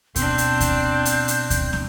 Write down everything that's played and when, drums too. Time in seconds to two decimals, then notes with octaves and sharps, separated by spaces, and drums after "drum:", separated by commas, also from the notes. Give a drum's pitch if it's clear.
0.16 B2 C4 D4 G6, drum: kick D2, hi-hat
0.38 drum: hi-hat
0.60 drum: kick D2, hi-hat
1.05 drum: hi-hat
1.28 drum: hi-hat
1.50 drum: kick D2, hi-hat
1.73 drum: snare